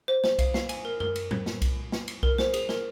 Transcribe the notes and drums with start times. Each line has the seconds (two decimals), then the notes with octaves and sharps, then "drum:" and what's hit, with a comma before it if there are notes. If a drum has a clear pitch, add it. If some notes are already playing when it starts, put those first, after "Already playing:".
0.08 C5
0.24 C5, drum: snare
0.39 F5, drum: kick B1, cymbal
0.54 F5, drum: snare
0.69 G#5, drum: cymbal
0.85 A#4
1.00 A#4, drum: tom F#2
1.16 drum: cymbal
1.31 drum: tom A2
1.46 drum: snare
1.62 drum: kick B1, cymbal
1.92 drum: snare
2.08 drum: cymbal
2.23 A#4, drum: kick B1
2.38 C5, drum: snare
2.54 G#4, drum: cymbal
2.69 A#4, drum: snare